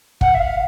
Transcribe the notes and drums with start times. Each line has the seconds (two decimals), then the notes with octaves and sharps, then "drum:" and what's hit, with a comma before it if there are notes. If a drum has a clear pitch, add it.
0.21 F#5, drum: kick
0.34 E5
0.39 F5